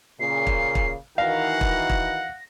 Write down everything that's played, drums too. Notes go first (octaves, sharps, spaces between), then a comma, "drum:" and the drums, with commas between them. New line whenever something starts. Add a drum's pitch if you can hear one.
A#2 C#3 C7
drum: kick
drum: kick
D#3 E3 F#4 F5 F#5 A#6
drum: kick
drum: kick